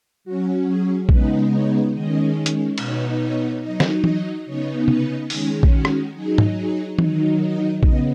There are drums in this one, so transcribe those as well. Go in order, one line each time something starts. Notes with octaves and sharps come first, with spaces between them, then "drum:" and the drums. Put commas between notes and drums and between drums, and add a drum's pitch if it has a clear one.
F#3 C#4 F#4
G#4
C#3 G#3 B3 D#4 B4, drum: kick A#1
C#5
D#3 G#3 C#4 D#5
drum: hi-hat
B2 B3 D#4 C#5, drum: cymbal
C#5
F#3 D#4 D#5
drum: snare
D#5, drum: tom E3
C#3 B3 D#4 C#5
B4, drum: tom C3
D#3 G#3 C#4 G#4, drum: open hi-hat
drum: kick A#1
F#4
drum: rim click
F#3 D#4 G#4
drum: tom G#2
G#4
D#3 F#3 D#4, drum: tom E3
D#5
C#3 B3 D#5, drum: kick A#1